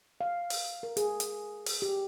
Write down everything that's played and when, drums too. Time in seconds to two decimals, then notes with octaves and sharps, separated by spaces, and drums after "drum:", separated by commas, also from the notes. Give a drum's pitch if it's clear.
0.21 F5
0.50 drum: open hi-hat
0.83 A#4
0.97 G#4, drum: hi-hat
1.20 drum: hi-hat
1.66 drum: open hi-hat
1.82 G4